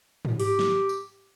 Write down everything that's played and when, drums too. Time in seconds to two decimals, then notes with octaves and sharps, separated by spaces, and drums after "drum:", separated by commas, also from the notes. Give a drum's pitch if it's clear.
0.25 drum: tom G#2
0.40 G4, drum: open hi-hat
0.59 drum: snare
0.89 drum: tambourine